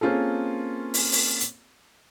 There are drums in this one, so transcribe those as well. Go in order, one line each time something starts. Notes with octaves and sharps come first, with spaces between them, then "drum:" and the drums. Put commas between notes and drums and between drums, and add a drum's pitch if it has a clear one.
A#3 C4 C#4 F4 G#4 A4
drum: open hi-hat
drum: open hi-hat
drum: hi-hat